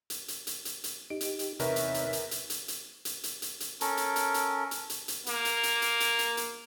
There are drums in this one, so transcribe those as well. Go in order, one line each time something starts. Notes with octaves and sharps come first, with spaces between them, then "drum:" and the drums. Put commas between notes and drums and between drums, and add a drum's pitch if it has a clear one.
drum: hi-hat
drum: hi-hat
drum: hi-hat
drum: hi-hat
drum: hi-hat
D#4 G4 D7
drum: hi-hat
drum: hi-hat
E2 C3 D#4 A#4 B4 C#5 E5, drum: hi-hat
drum: hi-hat
drum: hi-hat
drum: hi-hat
drum: hi-hat
drum: hi-hat
drum: hi-hat
drum: hi-hat
drum: hi-hat
drum: hi-hat
drum: hi-hat
C#4 A4 A#4, drum: hi-hat
drum: hi-hat
drum: hi-hat
drum: hi-hat
drum: hi-hat
drum: hi-hat
drum: hi-hat
A#3, drum: hi-hat
drum: hi-hat
drum: hi-hat
drum: hi-hat
drum: hi-hat
drum: hi-hat
drum: hi-hat